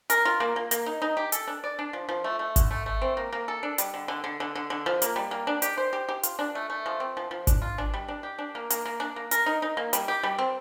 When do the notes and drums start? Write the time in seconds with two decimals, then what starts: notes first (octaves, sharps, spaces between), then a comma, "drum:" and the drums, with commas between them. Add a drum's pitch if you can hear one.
0.10 A#4, drum: hi-hat
0.25 F4
0.40 A#3
0.56 A#3
0.71 A#3, drum: hi-hat
0.86 D#4
1.02 D#4
1.17 G4
1.32 A4, drum: hi-hat
1.47 D4
1.64 D5
1.79 D4
1.93 F3
2.09 F3
2.24 A3
2.39 A3
2.56 D3, drum: kick G#1, hi-hat
2.71 A3
2.86 A3
3.02 C4
3.17 A#3
3.32 A#3
3.48 A4
3.63 D4
3.78 G3, drum: hi-hat
3.94 D3
4.08 D3
4.24 D3
4.40 D3
4.55 D3
4.70 D3
4.86 F3
5.02 A#3, drum: hi-hat
5.16 G3
5.31 A#3
5.47 D4
5.62 G4, drum: hi-hat
5.77 C5
5.93 G4
6.09 G4
6.23 F4, drum: hi-hat
6.39 D4
6.55 A3
6.70 A3
6.86 F3
7.00 C4
7.17 F3
7.31 F3
7.47 D4, drum: kick G#1, hi-hat
7.62 F4
7.78 D4
7.94 G3
8.08 D4
8.23 G4
8.39 D4
8.55 A#3
8.70 A#3, drum: hi-hat
8.86 A#3
9.00 D4
9.16 A#3
9.31 A#4, drum: hi-hat
9.46 D#4
9.62 D#4
9.77 A#3
9.93 G3, drum: hi-hat
10.08 G4
10.23 G3
10.39 C4